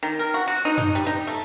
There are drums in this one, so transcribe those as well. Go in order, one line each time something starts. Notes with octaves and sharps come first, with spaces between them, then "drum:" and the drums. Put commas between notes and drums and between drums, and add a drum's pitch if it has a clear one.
D#3
A#4
F#4
F#4
D#4
D#4, drum: tom F#2
G3
D#4
A3